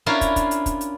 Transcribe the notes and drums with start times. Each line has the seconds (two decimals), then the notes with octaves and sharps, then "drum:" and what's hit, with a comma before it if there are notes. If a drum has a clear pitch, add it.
0.06 C#4 D4 E4 F4 A#4
0.21 drum: kick, hi-hat
0.36 drum: kick, hi-hat
0.51 drum: hi-hat
0.66 drum: kick, hi-hat
0.81 drum: hi-hat